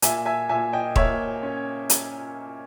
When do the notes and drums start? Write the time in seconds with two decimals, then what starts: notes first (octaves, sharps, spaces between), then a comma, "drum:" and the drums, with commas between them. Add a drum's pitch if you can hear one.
0.02 A#2 E5 G#5, drum: hi-hat
0.26 E5 G#5
0.49 A#2 E5 G#5
0.73 D#5 G5
0.96 A#3 C#5 E5, drum: kick D#1
1.43 C#4
1.90 drum: hi-hat